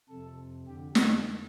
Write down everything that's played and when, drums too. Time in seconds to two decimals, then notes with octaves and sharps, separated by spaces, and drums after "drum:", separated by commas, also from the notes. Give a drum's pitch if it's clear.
0.09 F2 C3 A4
0.67 F2 D3 G4
0.95 A4, drum: snare